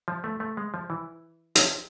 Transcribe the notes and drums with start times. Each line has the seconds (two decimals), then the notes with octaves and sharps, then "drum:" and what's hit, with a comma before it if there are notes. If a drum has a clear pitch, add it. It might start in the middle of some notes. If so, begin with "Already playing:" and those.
0.08 F3
0.24 A3
0.40 A3
0.57 G#3
0.74 F3
0.90 E3
1.55 F3, drum: hi-hat